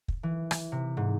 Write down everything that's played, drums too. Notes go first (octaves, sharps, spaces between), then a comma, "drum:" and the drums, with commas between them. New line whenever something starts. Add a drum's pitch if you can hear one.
drum: kick
E3
drum: rim click
C3
G#2